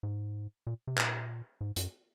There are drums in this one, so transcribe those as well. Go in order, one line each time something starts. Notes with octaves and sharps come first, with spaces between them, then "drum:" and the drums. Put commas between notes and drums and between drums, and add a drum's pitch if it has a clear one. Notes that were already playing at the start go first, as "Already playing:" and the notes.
G#2
A#2
C3
A#2, drum: clap
G#2
F#2, drum: hi-hat